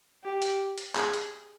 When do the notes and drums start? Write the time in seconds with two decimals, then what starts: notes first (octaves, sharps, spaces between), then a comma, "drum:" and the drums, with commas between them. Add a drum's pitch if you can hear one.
0.24 G4
0.42 drum: hi-hat
0.78 drum: hi-hat
0.95 G#4, drum: clap
1.13 drum: hi-hat